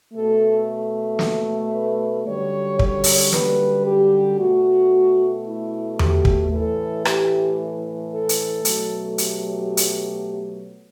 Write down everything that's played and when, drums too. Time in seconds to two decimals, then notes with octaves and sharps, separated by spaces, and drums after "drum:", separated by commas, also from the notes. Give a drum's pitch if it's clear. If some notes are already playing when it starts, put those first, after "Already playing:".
0.13 B2 A3 A4
1.19 drum: snare
1.73 B4
2.26 F#2 D3 G3 C#5
2.79 C#5, drum: kick
3.04 drum: open hi-hat
3.32 B4, drum: snare
3.86 G4
4.39 B2 A3 F#4
5.46 E4
5.99 G4, drum: tom E2
6.25 drum: kick
6.52 A2 E3 A3 A4
7.05 G4, drum: rim click
8.12 A4
8.29 drum: hi-hat
8.65 B2 F#3 A3, drum: hi-hat
9.18 G4, drum: hi-hat
9.77 drum: hi-hat